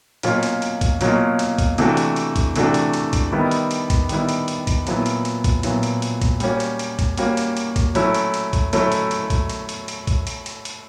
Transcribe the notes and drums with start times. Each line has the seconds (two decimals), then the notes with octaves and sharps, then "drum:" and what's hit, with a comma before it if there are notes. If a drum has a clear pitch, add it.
0.23 B2 F#3 A#3 C#4 F4, drum: hi-hat
0.43 drum: hi-hat
0.62 drum: hi-hat
0.81 drum: kick, hi-hat
1.01 B2 F#3 A#3 C#4 F4, drum: hi-hat
1.39 drum: hi-hat
1.58 drum: kick, hi-hat
1.78 C3 E3 A3 D4 F#4, drum: hi-hat
1.97 drum: hi-hat
2.16 drum: hi-hat
2.36 drum: kick, hi-hat
2.56 C3 E3 A3 D4 F#4, drum: hi-hat
2.74 drum: hi-hat
2.94 drum: hi-hat
3.13 drum: kick, hi-hat
3.32 D#3 G3 B3 E4
3.51 drum: hi-hat
3.71 drum: hi-hat
3.90 drum: kick, hi-hat
4.09 D#3 G3 B3 E4, drum: hi-hat
4.29 drum: hi-hat
4.48 drum: hi-hat
4.67 drum: kick, hi-hat
4.87 A#2 F#3 B3 E4, drum: hi-hat
5.06 drum: hi-hat
5.25 drum: hi-hat
5.44 drum: kick, hi-hat
5.63 A#2 F#3 B3 E4, drum: hi-hat
5.83 drum: hi-hat
6.02 drum: hi-hat
6.22 drum: kick, hi-hat
6.40 G3 A#3 C#4 F#4, drum: hi-hat
6.60 drum: hi-hat
6.79 drum: hi-hat
6.99 drum: kick, hi-hat
7.17 G3 A#3 C#4 F#4, drum: hi-hat
7.37 drum: hi-hat
7.57 drum: hi-hat
7.76 drum: kick, hi-hat
7.95 F#3 A3 C#4 E4, drum: hi-hat
8.14 drum: hi-hat
8.34 drum: hi-hat
8.53 drum: kick, hi-hat
8.73 F#3 A3 C#4 E4, drum: hi-hat
8.92 drum: hi-hat
9.11 drum: hi-hat
9.30 drum: kick, hi-hat
9.50 drum: hi-hat
9.69 drum: hi-hat
9.88 drum: hi-hat
10.07 drum: kick, hi-hat
10.27 drum: hi-hat
10.46 drum: hi-hat
10.65 drum: hi-hat